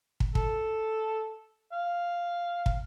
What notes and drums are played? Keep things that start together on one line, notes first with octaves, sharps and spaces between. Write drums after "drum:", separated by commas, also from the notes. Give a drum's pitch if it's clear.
drum: kick
A4, drum: kick
F5
drum: kick